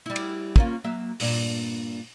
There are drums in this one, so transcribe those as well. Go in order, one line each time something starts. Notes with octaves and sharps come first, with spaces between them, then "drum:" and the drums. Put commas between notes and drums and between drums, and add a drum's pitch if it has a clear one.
G3 E4
drum: cymbal
A#3 C#4 F4, drum: kick
F#3 A#3 E5
G2 A#2 D4, drum: open hi-hat